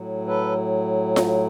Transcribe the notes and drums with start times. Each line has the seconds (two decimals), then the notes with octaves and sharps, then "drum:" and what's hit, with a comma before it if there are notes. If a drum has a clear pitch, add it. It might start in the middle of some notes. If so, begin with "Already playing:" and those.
Already playing: A2 F#3
0.27 A4 B4
1.16 drum: snare F4